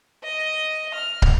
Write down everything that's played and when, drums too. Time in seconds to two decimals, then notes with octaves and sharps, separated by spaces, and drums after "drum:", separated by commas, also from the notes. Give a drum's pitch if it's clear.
0.23 D#5
0.94 F6
1.22 drum: kick